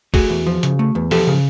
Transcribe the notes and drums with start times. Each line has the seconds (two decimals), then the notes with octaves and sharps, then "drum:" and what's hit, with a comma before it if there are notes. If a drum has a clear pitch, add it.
0.14 A3 F#4 G#4, drum: kick, open hi-hat
0.30 E2
0.46 F3
0.63 C#3, drum: hi-hat
0.79 A3
0.95 E2
1.11 F3 G4 A4, drum: open hi-hat
1.27 C#3